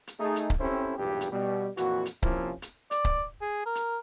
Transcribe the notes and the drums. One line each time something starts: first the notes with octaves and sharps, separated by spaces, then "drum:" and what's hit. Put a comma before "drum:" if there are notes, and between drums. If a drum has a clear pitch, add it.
drum: hi-hat
A3 D#4 G#4
drum: hi-hat
drum: kick C#1
C4 C#4 E4 G4 A4 C5
B1 E2 G2 A#2 G4
drum: hi-hat
B2 G3
F2 A#2 E3 F#4, drum: hi-hat
drum: hi-hat
C3 F3 A#3 C#4 E4, drum: kick C#1
drum: hi-hat
D5, drum: hi-hat
drum: kick C#1
G#4
A#4
drum: hi-hat